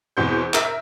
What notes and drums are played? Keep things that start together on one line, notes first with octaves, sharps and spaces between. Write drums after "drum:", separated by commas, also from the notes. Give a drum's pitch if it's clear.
E2 B2 C4 C5 F#5 G6
A#4 E5, drum: clap